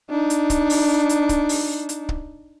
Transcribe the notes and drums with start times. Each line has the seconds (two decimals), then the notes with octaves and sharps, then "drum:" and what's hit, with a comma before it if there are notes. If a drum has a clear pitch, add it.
0.10 D4 D#4
0.30 drum: hi-hat
0.50 drum: kick, hi-hat
0.70 drum: open hi-hat
1.09 drum: hi-hat
1.29 drum: kick, hi-hat
1.49 drum: open hi-hat
1.89 drum: hi-hat
2.09 drum: kick